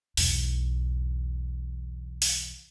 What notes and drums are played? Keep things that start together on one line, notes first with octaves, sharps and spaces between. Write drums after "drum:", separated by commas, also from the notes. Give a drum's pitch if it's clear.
B1 E2, drum: open hi-hat
drum: open hi-hat